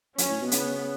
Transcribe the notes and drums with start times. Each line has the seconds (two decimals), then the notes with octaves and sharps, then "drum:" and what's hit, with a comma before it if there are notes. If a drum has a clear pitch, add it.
0.18 F#2 C#4, drum: hi-hat
0.29 A2
0.41 B2
0.52 C#3 B3, drum: hi-hat